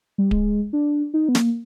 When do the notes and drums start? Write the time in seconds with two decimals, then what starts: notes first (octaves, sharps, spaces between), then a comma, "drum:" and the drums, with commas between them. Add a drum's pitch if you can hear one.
0.18 G3
0.31 G#3, drum: kick D1
0.73 D4
1.14 D#4
1.29 B3
1.35 A#3, drum: snare